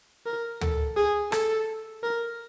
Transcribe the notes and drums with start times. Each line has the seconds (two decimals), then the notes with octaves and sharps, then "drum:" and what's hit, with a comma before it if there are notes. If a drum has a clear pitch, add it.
0.26 A#4
0.61 A4, drum: tom D2
0.96 G#4
1.32 A4, drum: rim click
2.03 A#4